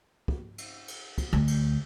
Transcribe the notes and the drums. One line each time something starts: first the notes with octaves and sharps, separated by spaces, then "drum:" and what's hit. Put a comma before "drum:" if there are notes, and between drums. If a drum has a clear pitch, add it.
drum: kick
drum: cymbal
drum: cymbal
drum: kick, cymbal
D2
drum: cymbal